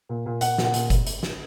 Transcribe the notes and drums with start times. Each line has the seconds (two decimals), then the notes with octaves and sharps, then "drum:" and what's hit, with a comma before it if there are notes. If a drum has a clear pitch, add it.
0.09 A#2
0.26 A#2
0.41 A#2 F#5, drum: hi-hat
0.58 A#2, drum: snare
0.64 F#5
0.74 A#2, drum: hi-hat
0.90 drum: kick F#1, hi-hat
1.07 drum: hi-hat
1.23 drum: snare